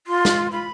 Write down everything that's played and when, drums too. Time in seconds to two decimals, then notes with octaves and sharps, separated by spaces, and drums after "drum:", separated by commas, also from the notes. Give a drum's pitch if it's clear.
0.07 F4 C6
0.25 drum: snare
0.46 C6
0.51 F4 B5